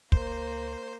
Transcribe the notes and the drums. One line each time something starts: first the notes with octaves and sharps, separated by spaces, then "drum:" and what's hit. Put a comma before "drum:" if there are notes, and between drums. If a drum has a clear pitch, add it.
C#2 A#3 C5, drum: kick